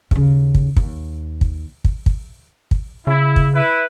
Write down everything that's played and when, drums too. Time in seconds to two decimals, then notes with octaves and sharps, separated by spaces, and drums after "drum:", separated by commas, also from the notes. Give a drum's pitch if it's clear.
0.11 D#2 C#3, drum: kick
0.54 drum: kick
0.76 D#2, drum: kick
1.41 drum: kick
1.84 drum: kick
2.06 drum: kick
2.71 drum: kick
3.07 C#3 E4
3.36 drum: kick
3.55 E4 B4